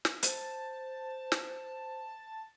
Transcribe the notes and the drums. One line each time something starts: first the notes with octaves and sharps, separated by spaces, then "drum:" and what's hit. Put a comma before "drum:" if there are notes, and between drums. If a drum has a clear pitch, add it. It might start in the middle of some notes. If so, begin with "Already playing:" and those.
drum: snare
C5 A5, drum: hi-hat
drum: snare